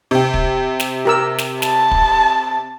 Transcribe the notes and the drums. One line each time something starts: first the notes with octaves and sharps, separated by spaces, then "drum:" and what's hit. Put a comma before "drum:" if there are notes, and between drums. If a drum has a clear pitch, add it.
C3 G5
drum: kick
drum: snare
G4 A#4 E6
drum: snare
A5, drum: snare
drum: kick